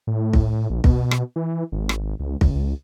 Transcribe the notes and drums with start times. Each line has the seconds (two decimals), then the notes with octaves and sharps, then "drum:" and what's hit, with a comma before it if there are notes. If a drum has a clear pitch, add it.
0.07 A2
0.33 drum: kick
0.70 A#1
0.84 B2, drum: kick
1.11 drum: rim click
1.36 E3
1.72 G#1
1.89 drum: rim click
2.20 C#2
2.41 C#2, drum: kick